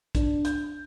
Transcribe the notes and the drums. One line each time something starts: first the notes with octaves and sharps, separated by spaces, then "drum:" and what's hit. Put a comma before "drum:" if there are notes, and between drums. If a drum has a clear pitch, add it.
D4, drum: kick, hi-hat
G6, drum: hi-hat